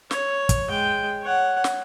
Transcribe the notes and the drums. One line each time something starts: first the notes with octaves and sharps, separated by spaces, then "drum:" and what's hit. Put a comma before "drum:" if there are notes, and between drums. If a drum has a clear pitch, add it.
C#5, drum: snare
drum: kick, hi-hat
G#3 G5
C#5 F#5
drum: snare